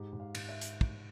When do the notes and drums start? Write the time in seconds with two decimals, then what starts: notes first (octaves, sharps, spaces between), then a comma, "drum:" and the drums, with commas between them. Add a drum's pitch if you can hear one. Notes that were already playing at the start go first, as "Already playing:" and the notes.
Already playing: G#2 G4
0.13 G#2
0.20 F5
0.35 G#2, drum: cymbal
0.49 E5
0.61 drum: hi-hat
0.81 drum: kick